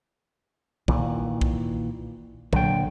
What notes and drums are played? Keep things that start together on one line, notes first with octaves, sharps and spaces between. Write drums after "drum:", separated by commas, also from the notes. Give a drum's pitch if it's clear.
A#2 D#3 E3, drum: kick
drum: kick
A#2 D3 F#3 G5, drum: kick